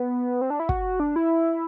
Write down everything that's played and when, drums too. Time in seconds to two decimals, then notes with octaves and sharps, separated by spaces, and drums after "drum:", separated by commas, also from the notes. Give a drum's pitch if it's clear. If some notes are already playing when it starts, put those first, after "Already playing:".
Already playing: B3
0.41 C4
0.50 D4
0.60 E4
0.69 F#4, drum: kick
1.00 D4
1.16 E4